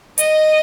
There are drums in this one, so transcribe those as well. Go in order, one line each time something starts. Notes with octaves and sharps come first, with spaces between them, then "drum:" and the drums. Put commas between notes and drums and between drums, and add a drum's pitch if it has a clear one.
D#5, drum: hi-hat